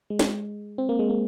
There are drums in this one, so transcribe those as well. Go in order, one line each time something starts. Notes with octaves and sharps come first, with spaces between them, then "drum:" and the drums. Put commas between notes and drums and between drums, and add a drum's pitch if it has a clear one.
G#3
drum: snare
C4
A#3
G#3
A#3